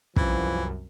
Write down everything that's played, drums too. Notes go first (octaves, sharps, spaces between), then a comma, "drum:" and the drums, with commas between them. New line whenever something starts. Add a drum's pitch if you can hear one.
C2 F#2 E3 F3, drum: kick